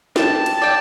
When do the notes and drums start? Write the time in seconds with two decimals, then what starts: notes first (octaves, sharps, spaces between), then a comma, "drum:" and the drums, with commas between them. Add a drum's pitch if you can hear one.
0.16 G4 A5, drum: snare
0.46 drum: cymbal
0.62 D5 G5